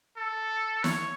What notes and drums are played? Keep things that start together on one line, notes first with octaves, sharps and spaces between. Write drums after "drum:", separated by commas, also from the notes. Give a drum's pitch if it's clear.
A4
C#5, drum: snare